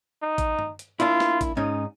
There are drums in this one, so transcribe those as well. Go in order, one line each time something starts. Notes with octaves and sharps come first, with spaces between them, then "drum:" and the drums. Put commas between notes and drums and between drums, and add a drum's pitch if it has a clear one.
D#4
drum: kick A1, hi-hat
drum: tom G2
drum: hi-hat
A#3 D4 E4 F4, drum: hi-hat
drum: snare
drum: kick A1, hi-hat
G#2 C#4 D#4